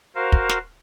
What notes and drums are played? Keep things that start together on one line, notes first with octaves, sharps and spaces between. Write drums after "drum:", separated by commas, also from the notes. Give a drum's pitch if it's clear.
F#4 A#4 C5 F5
drum: kick
drum: snare